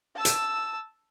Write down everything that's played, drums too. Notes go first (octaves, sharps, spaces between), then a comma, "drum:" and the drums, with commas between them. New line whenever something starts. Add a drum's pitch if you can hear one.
A5 E6
drum: hi-hat